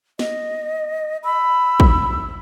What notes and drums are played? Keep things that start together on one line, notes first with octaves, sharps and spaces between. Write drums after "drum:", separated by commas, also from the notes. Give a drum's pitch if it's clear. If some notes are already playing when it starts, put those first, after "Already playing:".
D#5, drum: snare
B5 E6
drum: kick